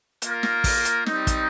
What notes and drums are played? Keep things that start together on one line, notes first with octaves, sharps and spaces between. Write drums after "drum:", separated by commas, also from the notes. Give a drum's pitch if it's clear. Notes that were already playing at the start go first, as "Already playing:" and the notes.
A#3 F4 A#4, drum: hi-hat
drum: snare
drum: kick, open hi-hat
drum: hi-hat
G3 C4 D#4, drum: snare
drum: kick, hi-hat